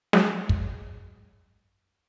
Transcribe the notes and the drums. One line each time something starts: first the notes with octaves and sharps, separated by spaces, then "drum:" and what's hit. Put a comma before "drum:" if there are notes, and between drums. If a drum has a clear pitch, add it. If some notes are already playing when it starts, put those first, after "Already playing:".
F#3 G#3, drum: snare
drum: kick